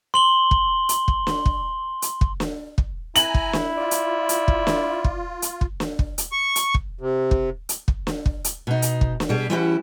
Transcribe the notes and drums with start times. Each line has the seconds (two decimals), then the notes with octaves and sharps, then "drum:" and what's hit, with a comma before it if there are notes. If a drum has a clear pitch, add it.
0.14 C6 F#7 G7
0.51 drum: kick
0.89 drum: hi-hat
1.08 drum: kick
1.27 drum: snare
1.46 drum: kick
2.02 drum: hi-hat
2.21 drum: kick
2.40 drum: snare
2.78 drum: kick
3.16 E4 G#5 A#5 F#7, drum: hi-hat
3.34 drum: kick
3.53 drum: snare
3.78 F4 D5
3.91 drum: hi-hat
4.29 drum: hi-hat
4.48 drum: kick
4.67 drum: snare
5.04 drum: kick
5.42 drum: hi-hat
5.61 drum: kick
5.80 drum: snare
5.99 drum: kick
6.18 drum: hi-hat
6.32 C#6
6.56 drum: hi-hat
6.74 drum: kick
7.01 C3
7.31 drum: kick
7.69 drum: hi-hat
7.88 drum: kick
8.07 drum: snare
8.26 drum: kick
8.44 drum: hi-hat
8.67 B2 D#4
8.82 drum: hi-hat
9.01 drum: kick
9.20 drum: snare
9.29 B2 G3 G#4
9.50 E3 G3 C#4 E4 F#4 G4